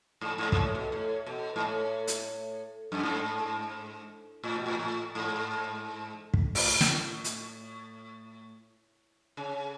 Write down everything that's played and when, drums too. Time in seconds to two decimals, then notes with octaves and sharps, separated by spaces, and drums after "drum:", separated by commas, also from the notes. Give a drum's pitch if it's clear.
0.21 G#2
0.38 G#2
0.52 G#2, drum: kick
0.57 A2
0.75 B2
0.92 A2
1.26 B2
1.56 G#2
1.62 A2
2.07 drum: hi-hat
2.92 F#2
3.03 G#2
4.44 A2
4.56 B2
4.66 A2
4.79 A2
5.15 G#2
6.34 drum: kick
6.55 A2, drum: open hi-hat
6.81 drum: snare
7.24 drum: hi-hat
9.37 C#3